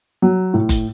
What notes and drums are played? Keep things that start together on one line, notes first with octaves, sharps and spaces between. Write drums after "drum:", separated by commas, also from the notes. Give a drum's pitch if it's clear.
F#3
A2
drum: kick F#1, hi-hat